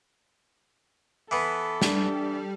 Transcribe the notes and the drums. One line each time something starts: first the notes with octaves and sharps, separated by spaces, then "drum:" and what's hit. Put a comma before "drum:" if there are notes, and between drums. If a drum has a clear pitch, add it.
E3 B3 A4
G3 D4, drum: snare